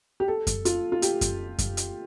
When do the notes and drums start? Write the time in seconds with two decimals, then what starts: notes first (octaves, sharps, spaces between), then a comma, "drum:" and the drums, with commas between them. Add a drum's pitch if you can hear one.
0.20 G4
0.28 A4
0.47 drum: kick F#2, hi-hat
0.65 F4, drum: hi-hat
0.92 F4
1.02 G4, drum: hi-hat
1.21 drum: kick F#2, hi-hat
1.59 drum: kick F#2, hi-hat
1.77 drum: hi-hat